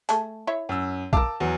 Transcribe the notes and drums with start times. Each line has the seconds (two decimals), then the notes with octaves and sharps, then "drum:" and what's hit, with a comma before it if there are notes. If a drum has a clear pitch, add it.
0.09 A3 G#4 A5, drum: hi-hat
0.47 E4 C#5 E5
0.69 F#2 E6
1.13 A#4 F5 A5 D6 E6, drum: kick A#1
1.40 E2 F#3